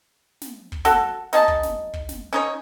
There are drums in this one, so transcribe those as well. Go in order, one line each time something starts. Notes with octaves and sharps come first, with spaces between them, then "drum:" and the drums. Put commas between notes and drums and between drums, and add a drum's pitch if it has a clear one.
drum: snare
drum: kick
F#4 A4, drum: snare
D#4 G#4 A5, drum: snare
drum: kick
drum: snare
drum: kick
drum: snare
C#4 D#4 C#5